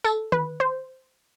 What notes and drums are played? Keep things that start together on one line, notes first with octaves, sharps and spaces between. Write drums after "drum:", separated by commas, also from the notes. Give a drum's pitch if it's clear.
A4, drum: tambourine
B4, drum: tom D#3
C5